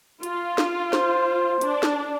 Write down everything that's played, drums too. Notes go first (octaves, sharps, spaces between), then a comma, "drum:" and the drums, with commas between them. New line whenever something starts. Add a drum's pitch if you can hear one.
F4, drum: hi-hat
drum: snare
C5, drum: snare
D4, drum: hi-hat
drum: snare